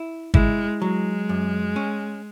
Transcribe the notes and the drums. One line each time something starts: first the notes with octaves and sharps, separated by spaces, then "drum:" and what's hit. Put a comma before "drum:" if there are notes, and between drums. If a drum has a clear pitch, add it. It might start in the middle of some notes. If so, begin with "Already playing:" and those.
Already playing: E4
G#3 E4, drum: kick
F#3 G#3
F#2
C#4